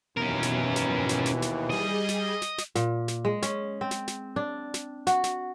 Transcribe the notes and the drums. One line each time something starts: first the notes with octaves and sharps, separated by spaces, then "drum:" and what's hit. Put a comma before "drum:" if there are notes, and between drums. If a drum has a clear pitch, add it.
D#2 B2 E3 C#4 A#4
drum: snare
drum: snare
drum: snare
drum: snare
drum: snare
G3 G#4 D#5 D#7
drum: snare
drum: snare
drum: snare
A#2, drum: snare
drum: snare
G#3
C#4, drum: snare
C4
drum: snare
drum: snare
D4
drum: snare
F#4, drum: snare
drum: snare